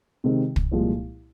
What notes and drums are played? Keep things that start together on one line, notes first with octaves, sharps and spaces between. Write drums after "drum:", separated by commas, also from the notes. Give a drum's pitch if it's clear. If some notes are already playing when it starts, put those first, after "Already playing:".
C3 D#3 G#3 C4
drum: kick
C2 A#2 F3 G#3